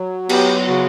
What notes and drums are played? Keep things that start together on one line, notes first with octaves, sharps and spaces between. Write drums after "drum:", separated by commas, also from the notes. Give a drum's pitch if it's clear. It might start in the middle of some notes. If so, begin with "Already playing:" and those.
Already playing: F#3
B3 G4, drum: cymbal
C#3 F#4